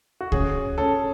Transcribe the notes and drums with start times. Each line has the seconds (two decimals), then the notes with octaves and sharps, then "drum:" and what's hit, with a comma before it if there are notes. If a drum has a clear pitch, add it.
0.21 F#4
0.32 C#4 G#4, drum: kick C#2
0.78 C#4 A4